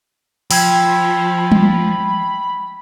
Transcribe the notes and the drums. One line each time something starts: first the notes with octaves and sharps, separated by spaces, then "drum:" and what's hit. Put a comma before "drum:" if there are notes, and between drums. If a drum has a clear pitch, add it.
F3 G5 B5 E6 G#6, drum: open hi-hat
drum: tom G3